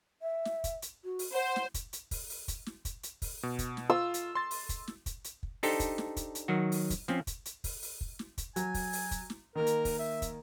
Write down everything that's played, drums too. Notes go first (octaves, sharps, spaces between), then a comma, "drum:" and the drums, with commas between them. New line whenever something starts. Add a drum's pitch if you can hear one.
E5
drum: snare
drum: kick, hi-hat
drum: hi-hat
F#4
drum: open hi-hat
C5 F#5
drum: snare
drum: kick, hi-hat
drum: hi-hat
drum: kick, open hi-hat
drum: open hi-hat
drum: kick, hi-hat
drum: snare
drum: kick, hi-hat
drum: hi-hat
drum: kick, open hi-hat
B2
drum: kick, hi-hat
drum: snare
F4 E6
drum: hi-hat
C6 A6
drum: open hi-hat
drum: kick, hi-hat
drum: snare
drum: kick, hi-hat
drum: hi-hat
drum: kick
D4 D#4 G4 A4 C5, drum: open hi-hat
drum: kick, hi-hat
drum: snare
drum: kick, hi-hat
drum: hi-hat
D#3 F#3 F#4
drum: open hi-hat
drum: kick, hi-hat
F3 C4 C#4, drum: snare
drum: kick, hi-hat
drum: hi-hat
drum: kick, open hi-hat
drum: open hi-hat
drum: kick
drum: snare
drum: kick, hi-hat
F#3 G#5, drum: hi-hat
drum: kick, open hi-hat
drum: open hi-hat
drum: kick, hi-hat
drum: snare
D#3 A#3 A#4
drum: hi-hat
drum: kick, open hi-hat
E5
drum: kick, hi-hat